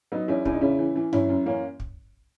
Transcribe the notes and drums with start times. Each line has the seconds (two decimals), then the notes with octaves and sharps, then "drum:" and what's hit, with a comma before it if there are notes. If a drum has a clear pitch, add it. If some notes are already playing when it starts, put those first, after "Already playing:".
0.12 F#3 B3 D#4
0.28 E2 C#4 E4
0.45 E2 E4, drum: kick
0.53 D#4
0.61 C#3 C#4 E4
0.79 E3
0.96 E3
1.13 F#2 C#4 E4, drum: tom G2
1.29 F#2
1.46 E3 A#3 C#4
1.80 drum: kick